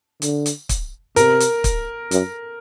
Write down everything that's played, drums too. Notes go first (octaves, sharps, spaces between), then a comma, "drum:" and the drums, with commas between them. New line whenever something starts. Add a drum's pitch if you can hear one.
D3, drum: hi-hat
drum: hi-hat
drum: kick, hi-hat
C3 A#4, drum: hi-hat
drum: hi-hat
drum: kick, hi-hat
F#2, drum: hi-hat